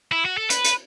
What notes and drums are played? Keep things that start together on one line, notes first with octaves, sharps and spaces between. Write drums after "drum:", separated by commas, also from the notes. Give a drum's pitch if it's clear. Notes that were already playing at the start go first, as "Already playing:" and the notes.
E4
F#4
A4
B4, drum: hi-hat
drum: hi-hat